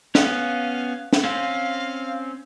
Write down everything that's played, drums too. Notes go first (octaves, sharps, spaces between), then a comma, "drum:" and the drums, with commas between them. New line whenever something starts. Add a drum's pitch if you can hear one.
B3 C#4 F5, drum: snare
drum: snare
C4 C#4 F5